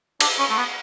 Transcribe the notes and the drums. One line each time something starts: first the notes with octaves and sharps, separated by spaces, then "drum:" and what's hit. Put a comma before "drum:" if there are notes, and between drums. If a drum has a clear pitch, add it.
D4, drum: cymbal
C#4
A3
B3